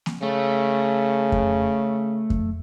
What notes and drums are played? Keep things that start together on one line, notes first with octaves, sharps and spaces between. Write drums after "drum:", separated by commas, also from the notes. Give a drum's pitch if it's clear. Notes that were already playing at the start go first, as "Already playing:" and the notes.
drum: snare A#3
C#3 A3
drum: kick F2
drum: kick F2